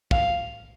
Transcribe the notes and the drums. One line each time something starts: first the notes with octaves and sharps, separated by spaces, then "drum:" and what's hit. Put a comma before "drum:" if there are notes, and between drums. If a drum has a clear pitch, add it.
F5, drum: kick